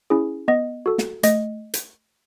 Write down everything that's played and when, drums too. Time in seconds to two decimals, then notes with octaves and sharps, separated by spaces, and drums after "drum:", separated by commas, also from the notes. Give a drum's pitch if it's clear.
0.10 C#4 E4 G#4
0.48 B3 D#5
0.86 F#4 A4
0.98 drum: snare
1.23 A3 D#5, drum: hi-hat
1.74 drum: hi-hat